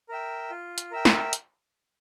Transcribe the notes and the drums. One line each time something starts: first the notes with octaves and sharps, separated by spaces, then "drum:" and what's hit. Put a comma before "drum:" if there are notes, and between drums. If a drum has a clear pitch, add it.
A#4 E5 G5
F4
drum: hi-hat
A#4 E5 G5
drum: snare
drum: hi-hat